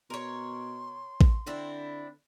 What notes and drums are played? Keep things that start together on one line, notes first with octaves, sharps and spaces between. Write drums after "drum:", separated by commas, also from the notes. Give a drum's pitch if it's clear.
B2 A#4 C#5 C6
drum: kick A1
D3 C4 D4 E4